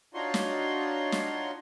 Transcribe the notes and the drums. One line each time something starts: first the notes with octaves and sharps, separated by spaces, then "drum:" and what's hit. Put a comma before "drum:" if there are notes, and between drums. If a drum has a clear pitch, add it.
D4 D#4 F4 F#4 C#5 C6
drum: snare
drum: snare